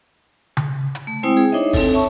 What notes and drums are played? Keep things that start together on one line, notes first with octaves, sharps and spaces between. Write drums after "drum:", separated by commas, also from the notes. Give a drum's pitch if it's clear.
drum: tom C#3
drum: hi-hat
A3
G#3 C4 E4 C5 G5 D#6
G#4
D4 D#4 C5 C#5 D#5 E5
C4 A4, drum: kick, open hi-hat
C#5 E5 A5 C#6